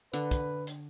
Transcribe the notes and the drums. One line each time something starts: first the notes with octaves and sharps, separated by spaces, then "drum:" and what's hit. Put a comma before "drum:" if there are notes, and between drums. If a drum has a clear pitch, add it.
D3 B4
drum: kick, hi-hat
drum: hi-hat